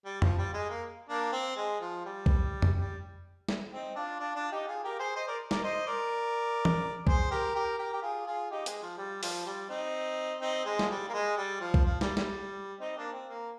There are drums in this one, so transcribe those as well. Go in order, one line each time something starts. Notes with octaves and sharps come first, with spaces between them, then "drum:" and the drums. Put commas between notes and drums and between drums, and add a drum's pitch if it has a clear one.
G3
F3, drum: tom F2
G3
G#3
A#3
A#3 D4
C4
G#3
F3
G3
drum: kick B1
drum: tom F2
G3
drum: snare
C4 D#4
D4 F4
D4 F4
D4 F4
D#4 G4
F4 G#4
G4 A#4
G#4 C5
C5 D#5
A#4 D5
A#4 D5, drum: snare
C5 D#5
A#4 D5
drum: tom
G#4 C5, drum: kick B1
G4 A#4
G4 A#4
G4 A#4
G4
F4 G#4
F4 G#4
D#4 G4
G#3, drum: hi-hat
F3
G3
F3, drum: open hi-hat
G3
C4 D#4
C4 D#4
G#3
F3, drum: snare
G3
A#3
G#3
G3
F3
drum: kick B1
F3
G3, drum: snare
G3, drum: snare
C4 D#4
A#3 D4
C4
A#3